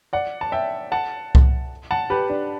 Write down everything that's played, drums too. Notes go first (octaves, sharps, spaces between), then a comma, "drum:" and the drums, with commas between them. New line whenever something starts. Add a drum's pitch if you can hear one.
D5 F#5
A5
E5 G5
F#5 A5
drum: kick C2
F#5 A5
G4 B4
D4